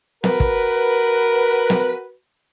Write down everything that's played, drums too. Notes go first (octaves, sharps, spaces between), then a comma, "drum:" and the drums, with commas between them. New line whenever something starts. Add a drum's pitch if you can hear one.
F#4 A#4 B4, drum: snare
drum: kick
drum: snare